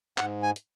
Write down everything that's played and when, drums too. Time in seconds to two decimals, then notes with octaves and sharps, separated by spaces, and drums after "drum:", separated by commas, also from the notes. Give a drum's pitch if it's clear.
0.18 G#2 F#5, drum: clap
0.43 G#5
0.56 drum: hi-hat